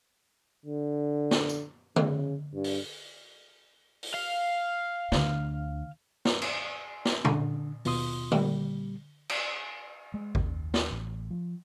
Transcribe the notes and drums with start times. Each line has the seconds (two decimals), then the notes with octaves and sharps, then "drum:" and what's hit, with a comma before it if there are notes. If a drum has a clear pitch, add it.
0.66 D3
1.31 drum: snare
1.49 drum: tambourine
1.96 C#3, drum: tom D3
2.54 G2
2.64 drum: open hi-hat
4.03 drum: open hi-hat
4.14 F5
5.12 D2 D3, drum: snare
6.25 drum: snare
6.42 drum: cymbal
7.05 drum: snare
7.25 D3, drum: tom A#2
7.85 D#2 B2 F4 C6 D#6, drum: open hi-hat
8.32 A#2 G3, drum: tom D3
9.29 drum: cymbal
10.14 G#3
10.35 D#2, drum: kick G#1
10.74 drum: snare
10.91 A1
11.31 F3